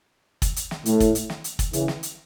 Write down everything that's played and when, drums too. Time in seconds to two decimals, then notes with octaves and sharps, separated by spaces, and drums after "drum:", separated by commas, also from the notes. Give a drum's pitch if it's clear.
0.42 drum: kick, hi-hat
0.56 drum: hi-hat
0.71 drum: snare
0.86 A2, drum: hi-hat
1.00 drum: kick, hi-hat
1.15 drum: hi-hat
1.30 drum: snare
1.44 drum: hi-hat
1.59 drum: kick, hi-hat
1.73 C#3 E3, drum: hi-hat
1.88 drum: snare
2.03 drum: hi-hat